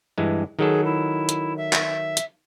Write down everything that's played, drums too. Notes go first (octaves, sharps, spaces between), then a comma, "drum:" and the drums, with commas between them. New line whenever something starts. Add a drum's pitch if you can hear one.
G2 E3 G#3
D#3 F#3 G#4 A4
E4
drum: hi-hat
E5
drum: clap
drum: hi-hat